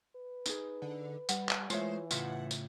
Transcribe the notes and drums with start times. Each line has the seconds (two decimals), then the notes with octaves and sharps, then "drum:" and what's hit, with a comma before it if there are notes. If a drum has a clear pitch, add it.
0.16 B4
0.46 D#4 G#4, drum: tambourine
0.82 D3
1.29 G3 F#5, drum: tambourine
1.49 drum: clap
1.70 E3 G#3 A3 F4 C5 C#5 E5, drum: tambourine
2.11 A2 C#3 F4 E5 F#5, drum: tambourine
2.51 drum: tambourine